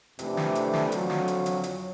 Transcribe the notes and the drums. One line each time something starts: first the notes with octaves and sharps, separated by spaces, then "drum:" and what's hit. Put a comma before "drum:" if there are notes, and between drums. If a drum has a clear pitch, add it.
F2 C3 E3 A3 D4, drum: hi-hat
drum: snare
drum: hi-hat
drum: snare
F2 D3 F#3, drum: hi-hat
drum: snare
drum: hi-hat
drum: hi-hat
F#3, drum: hi-hat